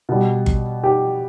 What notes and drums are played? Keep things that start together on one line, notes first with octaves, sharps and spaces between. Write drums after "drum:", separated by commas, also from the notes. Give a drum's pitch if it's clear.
B2 G3
drum: kick G1
G4